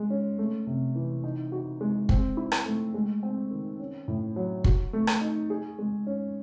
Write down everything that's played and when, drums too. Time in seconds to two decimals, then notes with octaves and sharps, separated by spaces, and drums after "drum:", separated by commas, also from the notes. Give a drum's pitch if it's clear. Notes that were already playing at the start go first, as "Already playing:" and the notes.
Already playing: G#3
0.10 C#4
0.38 A3
0.67 C3
0.95 E3
1.24 D#4
1.52 F#4
1.81 G#3
2.09 C4, drum: kick
2.37 E4
2.52 drum: rim click
2.66 A3
2.94 G#3
3.23 C4
3.51 D#3
3.80 C#4
4.08 A2
4.36 F#3
4.64 F#4, drum: kick
4.93 A3
5.07 drum: rim click
5.21 D#4
5.50 G#4
5.79 G#3
6.07 C#4